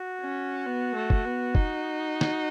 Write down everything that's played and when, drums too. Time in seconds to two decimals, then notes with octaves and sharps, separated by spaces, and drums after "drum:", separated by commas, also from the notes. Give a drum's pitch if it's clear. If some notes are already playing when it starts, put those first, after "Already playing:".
Already playing: F#4
0.21 C#4
0.66 B3
0.95 A3
1.10 drum: kick
1.25 B3
1.55 D#4, drum: kick
2.21 drum: snare